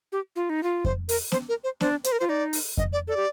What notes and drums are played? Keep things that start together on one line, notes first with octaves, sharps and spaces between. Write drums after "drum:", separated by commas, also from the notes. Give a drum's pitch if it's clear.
G4
F4
D#4
F4
C5, drum: kick F2
A#4, drum: open hi-hat
C5, drum: snare
A#4
C5
D4 C5, drum: snare
C5, drum: hi-hat
A#4
F4 C5
D#4 D5
drum: open hi-hat
D#5, drum: kick F2
D5
A4 D5
G4